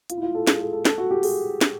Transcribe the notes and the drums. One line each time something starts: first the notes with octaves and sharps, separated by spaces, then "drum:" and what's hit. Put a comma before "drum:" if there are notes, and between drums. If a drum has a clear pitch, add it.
F4, drum: hi-hat
E4
F4
A4
G#4, drum: snare
A4
A4
A4, drum: snare
F#4
G4
G#4, drum: open hi-hat
drum: snare